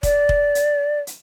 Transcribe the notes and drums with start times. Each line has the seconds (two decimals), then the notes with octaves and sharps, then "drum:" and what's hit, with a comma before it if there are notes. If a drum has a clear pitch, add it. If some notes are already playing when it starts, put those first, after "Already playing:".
0.03 D5, drum: kick, hi-hat
0.29 drum: kick
0.55 drum: hi-hat
1.07 drum: hi-hat